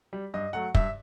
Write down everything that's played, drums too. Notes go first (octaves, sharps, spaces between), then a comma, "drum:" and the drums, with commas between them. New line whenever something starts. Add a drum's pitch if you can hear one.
G3
G2 D#5
F#3 A3 F#5
G2 E5, drum: kick